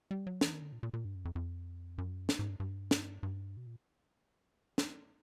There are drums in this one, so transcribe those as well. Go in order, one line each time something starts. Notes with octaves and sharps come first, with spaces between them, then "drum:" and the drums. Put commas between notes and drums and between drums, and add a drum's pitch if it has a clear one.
G3
F#3
E3, drum: snare
D#3
D3
A#2
A#2
A#2
G2
F#2
F2
F2
F#2
drum: snare
G#2
G2
G2
drum: snare
G2
B2
A#2
drum: snare